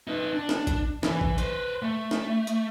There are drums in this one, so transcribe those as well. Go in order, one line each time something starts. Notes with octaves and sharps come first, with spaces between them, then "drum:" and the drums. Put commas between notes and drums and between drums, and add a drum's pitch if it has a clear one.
D#4 B4
D4
drum: snare
drum: kick, hi-hat
E3, drum: snare
drum: kick
B4 C5, drum: hi-hat
A3
drum: snare
drum: hi-hat